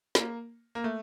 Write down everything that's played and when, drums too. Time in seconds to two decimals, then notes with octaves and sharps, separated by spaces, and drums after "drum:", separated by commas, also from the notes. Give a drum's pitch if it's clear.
0.15 A#3, drum: snare
0.75 A#3
0.84 A3